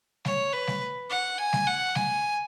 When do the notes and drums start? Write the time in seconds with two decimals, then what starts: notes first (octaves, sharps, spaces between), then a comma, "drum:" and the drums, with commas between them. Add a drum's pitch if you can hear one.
0.25 C#5, drum: snare G3
0.53 B4
0.67 drum: snare G3
1.10 F#5
1.38 G#5
1.53 drum: snare G3
1.67 F#5
1.95 G#5, drum: snare G3